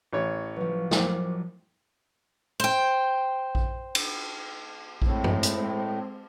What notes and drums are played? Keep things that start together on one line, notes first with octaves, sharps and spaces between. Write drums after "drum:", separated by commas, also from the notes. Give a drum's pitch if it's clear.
A1 C#5
F3 F#3 B4 C#6
A#4 C5 D6, drum: snare
C5 G5
drum: kick A#1
drum: cymbal
A2 G#3 C4, drum: kick A#1
drum: tom
drum: hi-hat